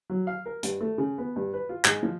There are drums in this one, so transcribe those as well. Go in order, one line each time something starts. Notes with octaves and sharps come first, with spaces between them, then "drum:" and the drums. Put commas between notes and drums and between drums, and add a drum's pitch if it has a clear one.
F#3
F5
A#4
G2, drum: hi-hat
A3
C#3
B3
G2
B4
F4
G#2, drum: clap
F3